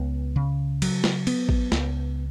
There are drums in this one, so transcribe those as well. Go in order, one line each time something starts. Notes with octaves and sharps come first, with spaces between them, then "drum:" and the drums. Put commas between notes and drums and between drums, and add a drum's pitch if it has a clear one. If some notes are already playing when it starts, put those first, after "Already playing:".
Already playing: C#2 B3
C#3
F#3, drum: cymbal
drum: snare
B3, drum: cymbal
drum: kick A1
C#2, drum: snare